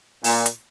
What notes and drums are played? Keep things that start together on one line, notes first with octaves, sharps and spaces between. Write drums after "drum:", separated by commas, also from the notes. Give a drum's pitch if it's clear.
A#2, drum: open hi-hat
drum: hi-hat